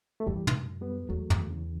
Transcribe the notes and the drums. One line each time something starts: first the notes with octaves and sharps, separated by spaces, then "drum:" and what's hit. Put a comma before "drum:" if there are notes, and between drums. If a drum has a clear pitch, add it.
A3
F#2 E3 G3
drum: tom
G3 B3
E2 F#3 A3
drum: tom
C#3 E3